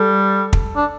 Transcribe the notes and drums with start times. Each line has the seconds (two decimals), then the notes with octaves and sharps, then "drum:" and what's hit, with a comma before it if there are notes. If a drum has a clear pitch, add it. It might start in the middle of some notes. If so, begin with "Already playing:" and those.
Already playing: G3 A4
0.53 drum: kick
0.76 D4